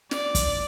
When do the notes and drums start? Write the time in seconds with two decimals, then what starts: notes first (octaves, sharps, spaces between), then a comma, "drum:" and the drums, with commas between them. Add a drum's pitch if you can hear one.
0.11 D5, drum: snare
0.35 drum: kick, hi-hat